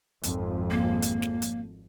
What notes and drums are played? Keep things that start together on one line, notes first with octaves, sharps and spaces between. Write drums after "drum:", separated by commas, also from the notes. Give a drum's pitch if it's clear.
G#1 F2, drum: hi-hat
A#3
drum: hi-hat
drum: snare
drum: hi-hat